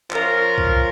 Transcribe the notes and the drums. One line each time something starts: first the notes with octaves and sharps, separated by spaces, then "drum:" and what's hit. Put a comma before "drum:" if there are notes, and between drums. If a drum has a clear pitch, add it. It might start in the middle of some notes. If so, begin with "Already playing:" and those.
F3 C#4 F4 A#4, drum: clap
drum: kick C2